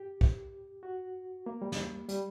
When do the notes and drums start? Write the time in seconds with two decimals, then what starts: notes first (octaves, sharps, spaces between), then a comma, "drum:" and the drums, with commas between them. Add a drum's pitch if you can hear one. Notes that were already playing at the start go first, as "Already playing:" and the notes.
Already playing: G4
0.21 drum: kick
0.83 F#4
1.46 A#3
1.62 G3
1.72 drum: snare
2.09 G3, drum: hi-hat